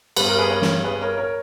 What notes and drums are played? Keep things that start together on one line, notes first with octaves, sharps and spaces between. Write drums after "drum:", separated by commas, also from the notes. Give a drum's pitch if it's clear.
G2 G3 B3 B4, drum: cymbal
A#4
G#4 B4
A#4 C#5
drum: snare
G#4 B4
A#4 C#5
A#4 C#5